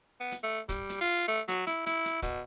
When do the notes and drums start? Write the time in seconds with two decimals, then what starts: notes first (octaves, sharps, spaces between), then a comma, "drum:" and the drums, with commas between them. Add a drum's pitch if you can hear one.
0.21 B3
0.32 drum: hi-hat
0.43 A3
0.69 G3, drum: kick, hi-hat
0.90 drum: hi-hat
1.01 F4
1.28 A3
1.48 F#3, drum: hi-hat
1.67 E4, drum: hi-hat
1.86 E4, drum: hi-hat
2.05 drum: hi-hat
2.22 B2, drum: kick, hi-hat